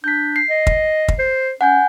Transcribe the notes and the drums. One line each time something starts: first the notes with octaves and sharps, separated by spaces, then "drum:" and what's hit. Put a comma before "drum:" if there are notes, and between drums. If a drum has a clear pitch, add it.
D4 G6 B6
C7
D#5
drum: kick
drum: kick
C5
C#4 F#5 G#5 G6